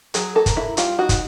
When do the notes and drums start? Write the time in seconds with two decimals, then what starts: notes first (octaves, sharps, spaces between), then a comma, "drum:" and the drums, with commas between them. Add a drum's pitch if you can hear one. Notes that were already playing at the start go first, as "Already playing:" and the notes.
0.14 F#3 G#4, drum: hi-hat
0.35 A#3 A4
0.46 drum: kick, hi-hat
0.56 A#3 E4
0.77 G3 F4, drum: hi-hat
0.99 D#4 F#4
1.09 drum: kick, hi-hat